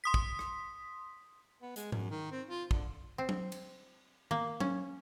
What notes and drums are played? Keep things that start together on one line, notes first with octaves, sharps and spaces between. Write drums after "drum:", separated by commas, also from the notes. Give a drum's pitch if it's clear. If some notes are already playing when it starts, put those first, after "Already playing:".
C6 D#6 B6
drum: kick
drum: rim click
B3
G#3, drum: hi-hat
F#2, drum: tom G#2
D#3
C4
F4
D3, drum: kick
C4
drum: tom F#3
drum: cymbal
A#3, drum: tom D#3
C#4, drum: tom F#3